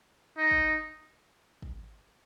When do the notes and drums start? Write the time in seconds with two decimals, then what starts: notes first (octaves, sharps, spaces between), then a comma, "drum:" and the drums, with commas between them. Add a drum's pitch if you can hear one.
0.38 D#4
0.51 drum: kick
1.62 drum: kick